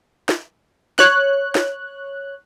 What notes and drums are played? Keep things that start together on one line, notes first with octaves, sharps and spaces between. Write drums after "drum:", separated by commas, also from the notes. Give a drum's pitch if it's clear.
drum: snare
C#5 F#6, drum: snare
drum: snare